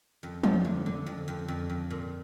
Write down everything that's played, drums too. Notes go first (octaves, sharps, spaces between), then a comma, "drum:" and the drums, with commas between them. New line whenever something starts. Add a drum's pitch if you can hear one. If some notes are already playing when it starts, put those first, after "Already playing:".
F2
F3, drum: tom
D3
D3
F2
F2
F2
F2
A#2